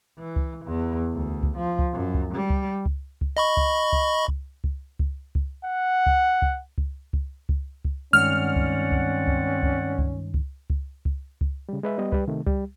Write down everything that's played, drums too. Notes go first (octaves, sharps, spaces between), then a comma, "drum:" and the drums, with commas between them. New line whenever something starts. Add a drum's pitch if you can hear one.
E3
drum: kick C#2
E2
D2
drum: kick C#2
F3
drum: kick C#2
F#2
drum: kick C#2
G3
drum: kick C#2
drum: kick C#2
drum: kick C#2
D#5 B5 C#6
drum: kick C#2
drum: kick C#2
drum: kick C#2
drum: kick C#2
drum: kick C#2
drum: kick C#2
F#5
drum: kick C#2
drum: kick C#2
drum: kick C#2
drum: kick C#2
drum: kick C#2
drum: kick C#2
G2 D#3 G#3 C4 C#4 D5 F#5 F6
drum: kick C#2
drum: kick C#2
drum: kick C#2
drum: kick C#2
drum: kick C#2
drum: kick C#2
drum: kick C#2
drum: kick C#2
drum: kick C#2
C#3 G3
G#3 B4 E5
G3 B3 D#5
G3 B4, drum: kick C#2
C3 D#3 A3
G3, drum: kick C#2